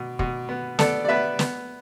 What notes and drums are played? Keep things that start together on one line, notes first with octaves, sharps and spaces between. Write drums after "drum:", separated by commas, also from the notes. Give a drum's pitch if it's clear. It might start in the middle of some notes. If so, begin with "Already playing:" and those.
Already playing: B2
B2, drum: kick
B3
B3 A4 D5, drum: snare
D5
B3 B4 E5
B3, drum: snare